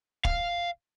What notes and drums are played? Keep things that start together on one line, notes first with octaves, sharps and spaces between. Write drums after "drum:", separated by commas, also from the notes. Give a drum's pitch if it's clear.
F5, drum: kick